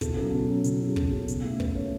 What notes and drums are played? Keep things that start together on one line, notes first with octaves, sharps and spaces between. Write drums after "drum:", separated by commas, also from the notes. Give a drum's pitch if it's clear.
B2 A4, drum: kick, hi-hat
F#3 C#4 A4
B2
F#3 C#4
B2, drum: hi-hat
F#3 C#4 G#4
B2 A4, drum: kick
F#3 C#4
B2, drum: hi-hat
A3 C#4
B2 B4, drum: kick
A3 C#4 C#5